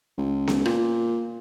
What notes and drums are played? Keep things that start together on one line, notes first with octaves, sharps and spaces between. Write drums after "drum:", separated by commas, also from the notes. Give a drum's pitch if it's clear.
C#2
drum: snare
A#2, drum: rim click